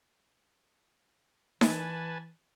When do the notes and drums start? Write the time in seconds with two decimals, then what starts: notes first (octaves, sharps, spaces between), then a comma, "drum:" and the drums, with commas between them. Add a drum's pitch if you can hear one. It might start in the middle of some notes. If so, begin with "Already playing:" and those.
1.61 E3 B4 G#5 A5, drum: snare D#4